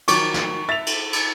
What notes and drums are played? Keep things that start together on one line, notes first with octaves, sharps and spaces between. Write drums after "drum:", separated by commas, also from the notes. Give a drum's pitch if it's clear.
D#3 F3 F#3 C#6 D6, drum: cymbal
drum: snare
E5 A6 F7
drum: cymbal
drum: cymbal